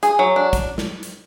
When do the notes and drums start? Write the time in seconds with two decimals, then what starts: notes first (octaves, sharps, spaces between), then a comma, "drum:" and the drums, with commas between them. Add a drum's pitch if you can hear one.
0.03 G#4, drum: hi-hat
0.19 F#3
0.36 D4
0.53 drum: kick, hi-hat
0.78 drum: snare
1.03 drum: hi-hat